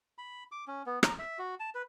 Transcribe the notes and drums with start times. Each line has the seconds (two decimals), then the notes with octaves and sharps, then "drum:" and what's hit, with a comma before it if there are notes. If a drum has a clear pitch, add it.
0.18 B5
0.52 D6
0.68 C#4
0.86 B3
1.03 A#5, drum: rim click
1.19 E5
1.39 F#4
1.60 A5
1.75 B4